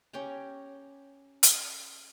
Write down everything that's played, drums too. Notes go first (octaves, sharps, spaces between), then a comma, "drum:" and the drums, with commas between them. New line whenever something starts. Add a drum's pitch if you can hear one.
C#4 G4 G5 A#5
drum: hi-hat